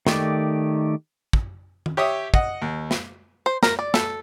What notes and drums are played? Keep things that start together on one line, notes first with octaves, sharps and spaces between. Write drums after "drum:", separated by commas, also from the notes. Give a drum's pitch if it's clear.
D#3 A3 D#4 G4 D5, drum: snare
drum: kick
drum: tom D#3
G4 C#5 E5 D#6
D#5 F#5, drum: kick
D#2
drum: snare
C5
A#4, drum: snare
D5
A4, drum: snare